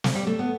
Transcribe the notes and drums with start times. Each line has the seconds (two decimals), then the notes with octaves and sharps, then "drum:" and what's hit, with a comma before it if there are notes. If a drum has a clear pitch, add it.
0.04 drum: snare
0.15 G3
0.27 A3
0.39 B3